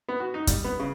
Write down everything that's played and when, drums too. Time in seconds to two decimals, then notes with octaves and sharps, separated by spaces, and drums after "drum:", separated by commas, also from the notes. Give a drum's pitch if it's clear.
0.08 B3
0.20 F#4
0.34 D#4
0.47 G3, drum: kick, hi-hat
0.64 B3
0.79 C#3